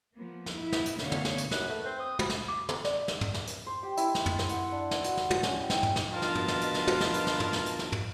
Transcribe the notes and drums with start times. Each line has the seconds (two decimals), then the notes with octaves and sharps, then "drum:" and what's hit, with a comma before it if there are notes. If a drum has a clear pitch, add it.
0.15 F3 A#3 B3
0.46 drum: snare
0.56 E4
0.72 drum: snare
0.86 drum: hi-hat
0.99 B2 D3 A3 B3 C#5 F5, drum: snare
1.12 drum: tom
1.25 drum: snare
1.38 drum: hi-hat
1.51 F#2 B4, drum: snare
1.69 A3
1.85 C4 C5
2.00 D#6
2.19 F3 B5, drum: tom
2.30 drum: snare
2.48 D6
2.69 drum: tom
2.84 D5, drum: snare
3.08 drum: snare
3.21 drum: tom
3.34 drum: snare
3.47 drum: hi-hat
3.66 C5
3.83 G4
3.97 E4, drum: hi-hat
4.15 E6, drum: snare
4.26 drum: tom
4.39 drum: snare
4.49 F#5, drum: hi-hat
4.72 D4
4.91 drum: snare
5.04 F#4, drum: hi-hat
5.17 drum: snare
5.30 drum: tom
5.43 C#4, drum: snare
5.61 G5
5.70 drum: snare
5.83 drum: tom
5.96 drum: snare
6.13 B2 F3 D4 F4 A#4 B4 A5
6.22 drum: snare
6.35 drum: tom
6.48 drum: snare
6.61 drum: hi-hat
6.74 drum: snare
6.87 drum: tom
7.01 drum: snare
7.14 drum: hi-hat
7.27 drum: snare
7.40 drum: tom
7.53 drum: snare
7.66 drum: hi-hat
7.79 drum: snare
7.92 drum: tom